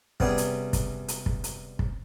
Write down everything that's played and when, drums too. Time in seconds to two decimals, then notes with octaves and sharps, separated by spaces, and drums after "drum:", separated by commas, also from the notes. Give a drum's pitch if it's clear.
0.20 C3 G3 B3 C#4 G#4, drum: kick
0.38 drum: hi-hat
0.73 drum: kick, hi-hat
1.08 drum: hi-hat
1.26 drum: kick
1.44 drum: hi-hat
1.79 drum: kick